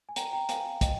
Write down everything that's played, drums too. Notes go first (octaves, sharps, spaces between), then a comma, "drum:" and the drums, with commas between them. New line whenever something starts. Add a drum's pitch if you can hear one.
G#5
G5 A#5, drum: hi-hat
G5 A#5
F5 G#5, drum: hi-hat
D#5 G5, drum: kick, hi-hat